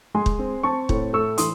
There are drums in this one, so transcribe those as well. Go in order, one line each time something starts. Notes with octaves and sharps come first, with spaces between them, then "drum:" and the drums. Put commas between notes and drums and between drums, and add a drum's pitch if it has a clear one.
G#3 G#5 C6
drum: kick
C4
C4 A5 C#6
A2, drum: kick
A3 C#6 E6
E3 C6 D#6, drum: hi-hat